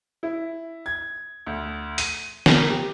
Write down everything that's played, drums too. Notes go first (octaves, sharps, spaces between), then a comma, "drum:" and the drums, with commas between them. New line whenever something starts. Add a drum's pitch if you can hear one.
E4
G#6
D2
D#7, drum: hi-hat
A#3, drum: snare
G4